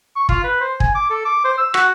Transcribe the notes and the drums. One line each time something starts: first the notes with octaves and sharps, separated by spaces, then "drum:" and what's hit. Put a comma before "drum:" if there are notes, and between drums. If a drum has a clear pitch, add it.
C#6
F4, drum: kick
B4
C5
G#5, drum: kick
D6
A4
D6
C5
E6
F#4, drum: rim click